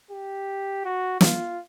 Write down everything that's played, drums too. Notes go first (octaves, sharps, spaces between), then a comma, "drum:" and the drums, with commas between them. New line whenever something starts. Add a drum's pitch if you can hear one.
G4
F#4
F4, drum: snare